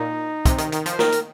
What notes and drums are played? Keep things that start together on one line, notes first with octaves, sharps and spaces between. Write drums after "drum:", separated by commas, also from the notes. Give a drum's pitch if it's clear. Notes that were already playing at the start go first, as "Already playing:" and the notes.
Already playing: A#2 D#4
C3, drum: kick, hi-hat
D#3, drum: hi-hat
D#3, drum: hi-hat
F3, drum: hi-hat
C5
D#3 A#4, drum: snare
drum: hi-hat